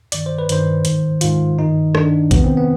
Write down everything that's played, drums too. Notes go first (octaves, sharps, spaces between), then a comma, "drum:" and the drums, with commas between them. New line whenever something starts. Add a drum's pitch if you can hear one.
G2 D#3 D5, drum: hi-hat
C5
B4
G2 D#3 C5, drum: hi-hat
G#2 D#3, drum: hi-hat
G#2 D#3 F4, drum: hi-hat
G2 D#3 D#4
G2 D#3 D4, drum: rim click
F2 C3 D#3 B3, drum: kick, hi-hat
C4
B3